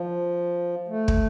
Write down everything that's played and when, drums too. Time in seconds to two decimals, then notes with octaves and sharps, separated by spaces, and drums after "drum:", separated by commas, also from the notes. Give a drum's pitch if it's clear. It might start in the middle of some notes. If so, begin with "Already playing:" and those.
Already playing: F3
0.88 A3
1.08 drum: kick